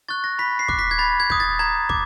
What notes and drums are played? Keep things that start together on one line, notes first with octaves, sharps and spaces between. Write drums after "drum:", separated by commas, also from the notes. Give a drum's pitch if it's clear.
C#6 F#6 A6
A#6
B5 B6
C7
D6 F#6, drum: kick
B6
G#6
B5 A6
G#6
D#6 G6, drum: kick
A6
A#5 G#6
D6, drum: kick